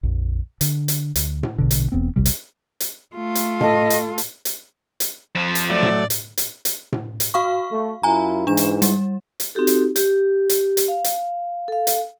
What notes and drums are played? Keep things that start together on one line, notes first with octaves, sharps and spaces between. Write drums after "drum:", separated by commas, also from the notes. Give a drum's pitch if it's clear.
A#1 F2
D3, drum: hi-hat
drum: hi-hat
D2, drum: hi-hat
drum: tom A2
A#1 B2 D3
drum: hi-hat
E1 E2 B3 C4
A#1 D#2 C3 G3
drum: hi-hat
drum: hi-hat
A3 F4
drum: hi-hat
A4 D#5 A5, drum: tom A2
drum: hi-hat
drum: hi-hat
drum: hi-hat
drum: hi-hat
F2 F3
drum: hi-hat
F#3 A3 D5
drum: tom A2
drum: hi-hat
drum: hi-hat
drum: hi-hat
drum: tom A2
drum: hi-hat
F#4 F5 C#6
A3
F#2 E4 F4 G#5 A#5
G#2 E3 D4 E7
drum: hi-hat
G3, drum: hi-hat
drum: hi-hat
C4 D#4 F#4 G4 A4
drum: hi-hat
G4, drum: hi-hat
drum: hi-hat
drum: hi-hat
F5
drum: hi-hat
A4 F5
drum: hi-hat